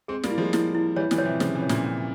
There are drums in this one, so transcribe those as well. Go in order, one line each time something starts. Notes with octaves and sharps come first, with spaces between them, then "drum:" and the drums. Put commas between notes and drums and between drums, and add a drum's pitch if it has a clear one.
G#3 C4 G#4
G3 A#3, drum: snare
E4
F3 G#3
E4, drum: snare
E4
E3 G3 C#5
E3 G3, drum: snare
F3 C#5
C3 E3
C#3 F3 C#5, drum: snare
C3 E3
C#5
A#2 C#3, drum: snare
C#4